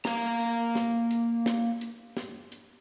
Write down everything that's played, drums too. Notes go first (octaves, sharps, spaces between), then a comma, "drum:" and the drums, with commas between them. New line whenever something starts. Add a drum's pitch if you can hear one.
A#3 A#5, drum: snare
drum: hi-hat
drum: snare
drum: hi-hat
drum: snare
drum: hi-hat
drum: snare
drum: hi-hat